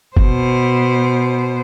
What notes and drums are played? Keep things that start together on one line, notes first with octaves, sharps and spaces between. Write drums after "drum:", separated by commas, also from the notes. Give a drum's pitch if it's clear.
B2 C5, drum: kick F#1